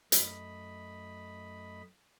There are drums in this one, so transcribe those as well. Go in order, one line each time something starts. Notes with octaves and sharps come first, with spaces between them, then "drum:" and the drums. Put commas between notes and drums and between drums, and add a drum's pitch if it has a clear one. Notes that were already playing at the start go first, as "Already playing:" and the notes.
F#2 A3 D#5 B5, drum: hi-hat